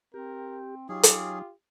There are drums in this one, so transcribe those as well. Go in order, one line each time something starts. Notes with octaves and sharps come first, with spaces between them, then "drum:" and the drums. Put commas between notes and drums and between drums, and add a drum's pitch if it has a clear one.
C4 G4 A#4
F#3 C#4 D#4 F4 G4 G#4
drum: hi-hat